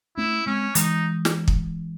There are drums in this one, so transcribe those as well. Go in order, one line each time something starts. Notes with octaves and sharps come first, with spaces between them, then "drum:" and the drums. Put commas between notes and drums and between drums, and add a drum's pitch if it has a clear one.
A3 C#4 E4
G#3 C4 C#4
E3 G#3 D#4, drum: hi-hat
drum: snare
drum: kick